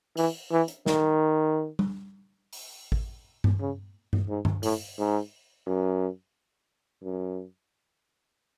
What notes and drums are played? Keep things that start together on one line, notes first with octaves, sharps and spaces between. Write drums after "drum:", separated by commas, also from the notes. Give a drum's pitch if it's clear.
E3, drum: open hi-hat
E3
drum: hi-hat
D#3, drum: snare
drum: tom G3
drum: open hi-hat
drum: kick G#1
drum: tom G2
C#3
drum: tom G2
G#2
drum: tom G2
A2, drum: open hi-hat
G#2
F#2
F#2